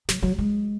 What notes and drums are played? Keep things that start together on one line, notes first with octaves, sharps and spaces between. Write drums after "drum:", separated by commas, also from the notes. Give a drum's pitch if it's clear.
F#3, drum: snare
F#3
G#3